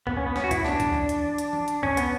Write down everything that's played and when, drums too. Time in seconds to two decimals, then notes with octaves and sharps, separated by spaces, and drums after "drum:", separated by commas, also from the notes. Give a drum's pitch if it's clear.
0.07 B3, drum: kick C#2
0.17 C#4
0.27 B3
0.36 C#4, drum: snare
0.44 F#4
0.51 E4, drum: kick C#2, hi-hat
0.65 D4, drum: snare
0.80 drum: kick C#2, hi-hat
0.94 drum: tom E3
1.09 drum: hi-hat
1.38 drum: hi-hat
1.53 drum: tom E3
1.68 drum: hi-hat
1.83 C#4, drum: kick C#2
1.97 B3, drum: hi-hat